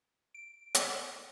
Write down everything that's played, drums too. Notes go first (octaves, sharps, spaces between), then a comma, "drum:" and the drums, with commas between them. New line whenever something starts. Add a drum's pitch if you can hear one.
D7
drum: hi-hat